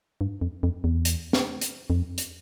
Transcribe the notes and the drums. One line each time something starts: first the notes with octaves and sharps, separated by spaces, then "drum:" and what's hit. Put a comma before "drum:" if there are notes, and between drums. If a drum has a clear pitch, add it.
G2
F2
F2
E2
drum: hi-hat
drum: snare
drum: hi-hat
F2
drum: hi-hat